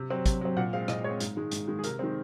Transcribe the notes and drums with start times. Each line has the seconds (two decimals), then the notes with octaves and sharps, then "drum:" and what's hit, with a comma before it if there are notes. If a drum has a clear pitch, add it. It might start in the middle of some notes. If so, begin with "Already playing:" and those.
Already playing: C3
0.10 F#3 C4
0.26 C3, drum: kick, hi-hat
0.41 F#3 C4
0.57 A#2 F#5
0.73 G#3 C4 F5
0.88 A#2 D#5, drum: rim click
1.04 G#3 C#5
1.09 C4
1.20 G#2, drum: hi-hat
1.37 D#3 G#3
1.52 G#2, drum: hi-hat
1.68 D#3 G#3
1.79 G#4
1.84 C3 A#4, drum: hi-hat
1.99 D#3 G#3 C4